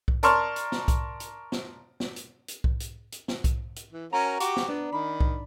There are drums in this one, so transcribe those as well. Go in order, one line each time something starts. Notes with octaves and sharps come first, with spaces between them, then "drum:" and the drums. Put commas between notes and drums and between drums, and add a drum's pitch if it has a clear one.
drum: kick B1
A#4 D5 A5 C6 C#6 F6, drum: hi-hat
drum: hi-hat
drum: snare
drum: kick B1, hi-hat
drum: hi-hat
drum: snare
drum: snare
drum: hi-hat
drum: hi-hat
drum: kick B1
drum: hi-hat
drum: hi-hat
drum: snare
drum: kick B1, hi-hat
drum: hi-hat
E3
C#4 F#4 A#4 A#5
F#4 G4 D6, drum: hi-hat
drum: snare
B3 D4
D#3 B5
drum: kick B1